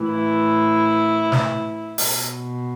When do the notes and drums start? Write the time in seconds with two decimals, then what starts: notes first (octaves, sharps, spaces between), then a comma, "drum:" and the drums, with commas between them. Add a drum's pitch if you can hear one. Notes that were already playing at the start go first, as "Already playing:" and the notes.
Already playing: A2 E3
0.10 E4
1.32 drum: snare
1.98 B2, drum: open hi-hat